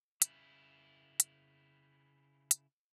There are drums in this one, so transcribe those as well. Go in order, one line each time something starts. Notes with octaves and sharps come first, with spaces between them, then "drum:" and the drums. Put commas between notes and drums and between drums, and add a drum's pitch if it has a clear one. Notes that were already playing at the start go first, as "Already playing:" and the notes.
C#3 E4, drum: hi-hat
drum: hi-hat
drum: hi-hat